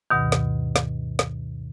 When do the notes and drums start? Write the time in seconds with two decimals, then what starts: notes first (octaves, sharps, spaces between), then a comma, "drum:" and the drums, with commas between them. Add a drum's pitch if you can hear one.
0.10 D2 G2 B2 D#3
0.32 drum: snare
0.76 drum: snare
1.19 drum: snare